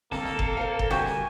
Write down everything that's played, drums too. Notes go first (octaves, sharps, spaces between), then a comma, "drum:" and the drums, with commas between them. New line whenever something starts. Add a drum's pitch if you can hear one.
D#3 A#3 C4 A4, drum: snare
drum: snare
drum: kick F#1
A#4 C5 F5
drum: kick F#1
F#3 C4 F#4 G4 A#4 G#5, drum: snare
drum: snare